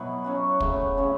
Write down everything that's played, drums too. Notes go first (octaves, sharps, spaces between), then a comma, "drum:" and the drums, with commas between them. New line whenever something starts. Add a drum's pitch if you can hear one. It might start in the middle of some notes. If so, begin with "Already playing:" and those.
Already playing: B2 F#3 B3 E4
F#3 C#4 F#4
C#3 F#3 A3, drum: kick
C#3 A3 C#4 F#4